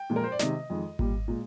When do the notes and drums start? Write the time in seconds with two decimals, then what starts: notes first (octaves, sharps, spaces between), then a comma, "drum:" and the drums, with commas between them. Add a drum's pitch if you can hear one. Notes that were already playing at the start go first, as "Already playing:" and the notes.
Already playing: G5
0.10 A#2 F3 G#3
0.16 A#4
0.24 C5
0.32 D5
0.39 C3 D#3 G#3 D#5, drum: snare
0.70 F2 D#3 G#3
0.99 A#2 G3, drum: kick G#1
1.28 A#2 G#3